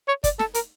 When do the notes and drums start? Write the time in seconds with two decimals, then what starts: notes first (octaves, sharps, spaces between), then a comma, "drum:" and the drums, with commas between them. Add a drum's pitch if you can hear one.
0.08 C#5
0.24 D5, drum: kick, hi-hat
0.39 A4, drum: snare
0.54 A#4, drum: hi-hat